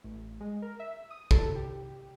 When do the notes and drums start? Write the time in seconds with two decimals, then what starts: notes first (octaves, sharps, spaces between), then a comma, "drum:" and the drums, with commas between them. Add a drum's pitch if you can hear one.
0.04 A1
0.40 G#3
0.62 A#4
0.79 E5
1.10 D#6
1.31 A4, drum: kick
1.55 G4